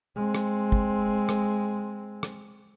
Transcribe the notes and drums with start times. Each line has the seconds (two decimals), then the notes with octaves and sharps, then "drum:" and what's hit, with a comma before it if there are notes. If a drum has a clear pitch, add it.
0.16 G#3 C4
0.35 drum: rim click
0.72 drum: kick
1.29 drum: rim click
2.23 drum: rim click